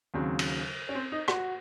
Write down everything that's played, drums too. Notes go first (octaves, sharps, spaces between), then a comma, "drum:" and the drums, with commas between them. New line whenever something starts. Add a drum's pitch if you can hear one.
D#2 C#3 F#3 C4
drum: cymbal
C#4
C4
D#4
F#4, drum: rim click